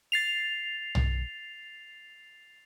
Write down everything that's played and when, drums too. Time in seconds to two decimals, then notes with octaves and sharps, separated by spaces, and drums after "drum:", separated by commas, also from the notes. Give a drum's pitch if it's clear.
0.12 A6 C7 F7
0.95 drum: tom